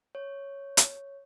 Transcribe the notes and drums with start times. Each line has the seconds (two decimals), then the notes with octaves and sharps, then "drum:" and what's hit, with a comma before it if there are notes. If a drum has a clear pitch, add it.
0.15 C#5
0.77 drum: hi-hat